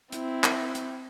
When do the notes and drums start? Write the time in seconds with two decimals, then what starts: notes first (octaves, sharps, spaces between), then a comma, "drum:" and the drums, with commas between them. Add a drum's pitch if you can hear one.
0.12 C4 E4, drum: hi-hat
0.44 drum: clap
0.75 drum: hi-hat